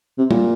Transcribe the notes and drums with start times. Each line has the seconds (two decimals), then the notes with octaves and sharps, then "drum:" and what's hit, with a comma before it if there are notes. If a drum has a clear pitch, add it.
0.18 C3
0.31 A#2, drum: tom